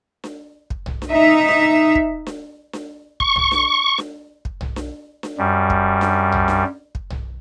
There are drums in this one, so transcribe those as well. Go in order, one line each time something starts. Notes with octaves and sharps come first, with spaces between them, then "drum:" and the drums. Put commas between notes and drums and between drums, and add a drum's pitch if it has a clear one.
drum: snare D4
drum: kick
drum: tom B1
drum: snare D4
D#4 E5
drum: snare D4
drum: kick
drum: snare D4
drum: snare D4
C#6, drum: kick
drum: tom B1
drum: snare D4
drum: snare D4
drum: kick
drum: tom B1
drum: snare D4
drum: snare D4
F#2 G3
drum: kick
drum: snare D4
drum: tom B1
drum: snare D4
drum: kick
drum: tom B1